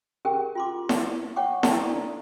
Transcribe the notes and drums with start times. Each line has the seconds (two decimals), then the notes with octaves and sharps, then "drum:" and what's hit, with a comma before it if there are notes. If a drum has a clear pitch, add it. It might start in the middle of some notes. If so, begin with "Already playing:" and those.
0.25 C#4 G4 G#4 A#4 G5
0.55 F4 C6 D6
0.89 drum: snare E4
1.36 C#5 F#5 G5 C#6 D6
1.63 A5 A#5 C#6, drum: snare E4
1.87 D4 D#4 A4 D5 A#5